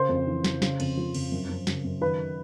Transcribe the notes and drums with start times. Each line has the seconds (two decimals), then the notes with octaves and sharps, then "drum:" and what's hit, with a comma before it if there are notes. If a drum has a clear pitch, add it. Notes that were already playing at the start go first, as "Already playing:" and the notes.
Already playing: C#3 C5 C6
0.09 F2
0.27 E3
0.44 C#3, drum: snare
0.62 C#3, drum: snare
0.80 F2, drum: cymbal
0.97 F3
1.14 F2, drum: cymbal
1.32 F#2
1.49 F#2
1.67 C#3, drum: snare
1.84 F#2
2.01 D#3 B4 B5